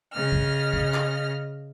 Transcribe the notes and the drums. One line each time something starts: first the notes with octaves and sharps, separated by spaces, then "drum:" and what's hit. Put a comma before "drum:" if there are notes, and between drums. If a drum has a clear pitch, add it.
C#3 D#5 F6
drum: kick
drum: kick
drum: clap